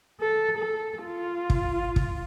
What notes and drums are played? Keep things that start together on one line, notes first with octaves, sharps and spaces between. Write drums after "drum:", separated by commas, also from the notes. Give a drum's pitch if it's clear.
A4
A4
F4
drum: kick
drum: kick